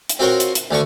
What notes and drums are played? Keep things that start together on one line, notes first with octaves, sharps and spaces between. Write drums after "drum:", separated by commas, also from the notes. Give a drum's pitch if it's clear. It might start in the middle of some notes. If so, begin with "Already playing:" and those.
drum: hi-hat
C4 F4 F#4 A#4 C5 C#5
drum: hi-hat
drum: hi-hat
D2 D3 A5 C#6